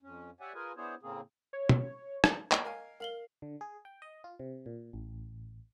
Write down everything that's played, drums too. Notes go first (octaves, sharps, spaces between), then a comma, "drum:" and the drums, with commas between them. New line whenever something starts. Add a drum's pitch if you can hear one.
F2 C#4
G4 C#5 D5 E5 F#5 G#5
F4 G#4 A#4 B4 G#5
B3 D4 E4 G#4 C5 C#5
A2 C#3 A#3 C4 G#4
C#5
drum: tom
drum: rim click
D#5, drum: clap
A#4 F5 G#5
A#4 F5 F#7 G7
D3
G#4
G5
D#5
F4
C3
A#2
A1